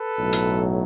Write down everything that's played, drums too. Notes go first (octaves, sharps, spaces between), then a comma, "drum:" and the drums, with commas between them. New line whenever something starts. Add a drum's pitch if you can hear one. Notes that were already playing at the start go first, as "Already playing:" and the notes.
Already playing: A4 B4
B1 A2 F#3
drum: hi-hat